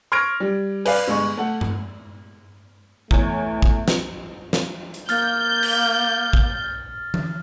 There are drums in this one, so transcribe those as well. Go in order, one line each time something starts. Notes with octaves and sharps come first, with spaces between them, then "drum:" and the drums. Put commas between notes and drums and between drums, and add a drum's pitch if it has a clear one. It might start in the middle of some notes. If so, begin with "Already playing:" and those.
C6 C#6 F6 G#6 A#6 D7
G3
B4 D5 F5, drum: cymbal
G1 G#3 C#6
A3 F#5
drum: tom G2
E2 A3 C#5, drum: kick
drum: kick
drum: snare
drum: snare
drum: hi-hat
A#3 F6 G6 A6, drum: hi-hat
drum: cymbal
drum: kick
drum: tom E3